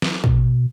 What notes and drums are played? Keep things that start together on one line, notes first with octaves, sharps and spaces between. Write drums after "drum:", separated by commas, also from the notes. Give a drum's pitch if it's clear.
drum: snare
B2, drum: kick